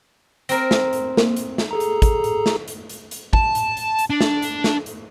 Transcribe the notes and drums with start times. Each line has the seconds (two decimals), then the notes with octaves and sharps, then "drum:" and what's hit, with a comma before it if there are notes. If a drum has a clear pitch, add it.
0.49 C4 A#4 A#6, drum: hi-hat
0.71 drum: snare
0.93 drum: hi-hat
1.17 A#3, drum: snare
1.36 drum: hi-hat
1.58 drum: snare
1.71 G#4 A4 A#5
1.80 drum: hi-hat
2.02 drum: kick, hi-hat
2.24 drum: hi-hat
2.46 drum: snare
2.68 drum: hi-hat
2.89 drum: hi-hat
3.11 drum: hi-hat
3.33 A5, drum: kick
3.55 drum: hi-hat
3.77 drum: hi-hat
3.99 drum: hi-hat
4.10 D4
4.21 drum: snare
4.42 drum: hi-hat
4.64 drum: snare
4.86 drum: hi-hat